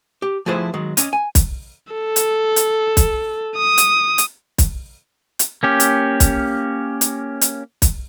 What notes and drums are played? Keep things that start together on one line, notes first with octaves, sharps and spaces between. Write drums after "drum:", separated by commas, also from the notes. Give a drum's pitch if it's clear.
G4
F3 A3 E4 G#4 B4 C5
D#3 F#3 G#3
C#4 D#5, drum: hi-hat
G#5
drum: kick, hi-hat
A4
drum: hi-hat
drum: hi-hat
drum: kick, hi-hat
D#6
drum: hi-hat
drum: hi-hat
drum: kick, hi-hat
drum: hi-hat
A#3 C#4 G4
drum: hi-hat
drum: kick, hi-hat
drum: hi-hat
drum: hi-hat
drum: kick, hi-hat